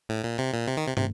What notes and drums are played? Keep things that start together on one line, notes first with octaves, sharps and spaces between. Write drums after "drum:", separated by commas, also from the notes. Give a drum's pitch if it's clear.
A2
A#2
C3
A#2
C3
D#3
C3
C3, drum: tom